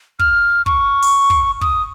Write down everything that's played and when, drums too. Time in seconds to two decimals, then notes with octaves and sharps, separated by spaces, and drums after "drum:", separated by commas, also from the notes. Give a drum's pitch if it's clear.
0.19 F6, drum: kick
0.66 C#6, drum: kick
1.02 drum: open hi-hat
1.30 drum: kick
1.61 D#6, drum: kick